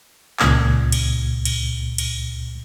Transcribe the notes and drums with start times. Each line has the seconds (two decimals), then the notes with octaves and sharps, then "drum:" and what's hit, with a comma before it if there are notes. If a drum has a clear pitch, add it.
0.39 C#2 A#2 G#6, drum: clap
0.92 drum: cymbal
1.45 drum: cymbal
1.98 drum: cymbal